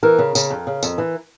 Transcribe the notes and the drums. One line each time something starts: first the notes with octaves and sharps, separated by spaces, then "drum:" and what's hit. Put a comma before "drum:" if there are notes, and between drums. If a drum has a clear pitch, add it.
E3 A#4
C#3
C#3, drum: tambourine
F2
C#3
F2, drum: tambourine
E3